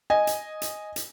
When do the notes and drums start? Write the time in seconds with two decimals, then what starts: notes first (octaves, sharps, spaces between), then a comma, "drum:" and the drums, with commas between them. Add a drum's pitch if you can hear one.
0.10 D#5 G#5
0.27 drum: hi-hat
0.62 drum: hi-hat
0.96 drum: hi-hat